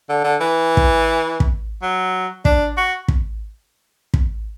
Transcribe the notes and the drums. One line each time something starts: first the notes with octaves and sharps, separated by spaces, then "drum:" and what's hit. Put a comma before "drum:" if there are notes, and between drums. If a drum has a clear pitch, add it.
D3
D3
E3
drum: kick
drum: kick
F#3
D4, drum: kick
F#4
drum: kick
drum: kick